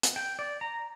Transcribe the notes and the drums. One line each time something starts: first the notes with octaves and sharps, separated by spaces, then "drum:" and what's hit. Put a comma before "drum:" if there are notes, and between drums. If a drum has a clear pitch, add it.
drum: hi-hat
G5
D5
A#5